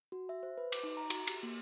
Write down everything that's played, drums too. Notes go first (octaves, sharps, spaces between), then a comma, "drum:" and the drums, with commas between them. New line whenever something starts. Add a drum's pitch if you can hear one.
F#4
E5
C5
B4
D6, drum: cymbal
D#4
A#5
F#4, drum: cymbal
G4, drum: cymbal
A#3